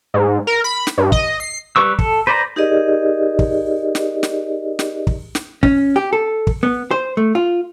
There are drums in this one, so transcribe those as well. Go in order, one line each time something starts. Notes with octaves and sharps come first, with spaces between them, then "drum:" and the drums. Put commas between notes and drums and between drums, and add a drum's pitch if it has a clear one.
G#2
A#4
B5
drum: snare
G2
D#5, drum: kick
C7
G3 B4 C#6 E6
A4, drum: kick
B4 C5 D5 E5 A#5
D#4 G4 G#4 A#4 D5 D#5
drum: kick
drum: snare
drum: snare
drum: snare
drum: kick
drum: snare
C#4, drum: kick
G4
A4
drum: kick
B3
C5
A3
F4